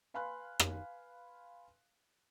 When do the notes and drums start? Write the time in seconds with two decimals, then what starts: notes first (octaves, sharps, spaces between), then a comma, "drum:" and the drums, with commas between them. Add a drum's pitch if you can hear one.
0.14 B4 F5 G#5 B5 C6 F#6
0.60 drum: rim click